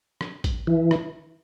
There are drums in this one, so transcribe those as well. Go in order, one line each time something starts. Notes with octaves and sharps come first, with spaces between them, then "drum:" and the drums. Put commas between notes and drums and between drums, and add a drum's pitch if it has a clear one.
drum: rim click
drum: kick, hi-hat
E3
drum: rim click